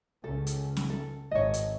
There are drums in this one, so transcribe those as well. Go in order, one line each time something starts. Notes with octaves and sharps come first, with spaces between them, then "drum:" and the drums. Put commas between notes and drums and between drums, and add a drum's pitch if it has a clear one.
C#2 C#3 A4
drum: hi-hat
drum: snare
A4
G#1 C#5 D#5
drum: hi-hat